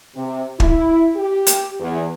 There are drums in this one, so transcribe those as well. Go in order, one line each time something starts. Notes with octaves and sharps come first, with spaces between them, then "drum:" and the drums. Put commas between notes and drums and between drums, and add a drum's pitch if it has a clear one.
C3
E4, drum: kick
G4
drum: hi-hat
E2